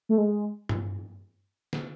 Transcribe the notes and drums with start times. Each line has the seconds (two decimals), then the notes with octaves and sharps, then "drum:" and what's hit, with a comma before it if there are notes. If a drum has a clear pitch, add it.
0.09 A3
0.18 G#3
0.69 drum: tom G2
1.73 drum: snare